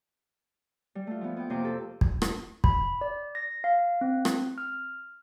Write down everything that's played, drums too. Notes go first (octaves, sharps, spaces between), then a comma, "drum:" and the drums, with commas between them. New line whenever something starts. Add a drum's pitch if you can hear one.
G3
A3 F4
F3 B3
B3 G5
F2 C3 A#3 C5 G5 D6
G4 A4
drum: kick
drum: rim click
B5, drum: kick
D5
A#6
F5
C4
drum: rim click
F6